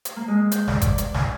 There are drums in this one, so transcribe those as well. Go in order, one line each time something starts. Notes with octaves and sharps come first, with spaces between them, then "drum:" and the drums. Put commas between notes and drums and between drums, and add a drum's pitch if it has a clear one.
drum: hi-hat
A#3
G#3
G6, drum: hi-hat
D5, drum: snare
D6, drum: kick G1, hi-hat
drum: hi-hat
G#5, drum: snare